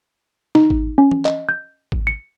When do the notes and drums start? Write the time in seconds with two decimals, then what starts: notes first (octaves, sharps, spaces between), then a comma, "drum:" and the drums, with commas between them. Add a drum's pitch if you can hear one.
0.55 D#4, drum: snare
0.70 drum: kick G#1
0.98 C#4
1.11 drum: tom E3
1.25 D#5, drum: clap
1.49 G6
1.92 drum: kick G#1
2.07 C#7